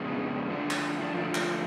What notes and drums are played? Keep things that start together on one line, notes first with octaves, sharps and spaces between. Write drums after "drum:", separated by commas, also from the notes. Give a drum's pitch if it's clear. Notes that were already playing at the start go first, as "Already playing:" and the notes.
Already playing: F2 C#3 G#3 B3 D4
D3 F3 A3 D4
drum: clap
D4
D3 F3 A3 D4 F4
drum: clap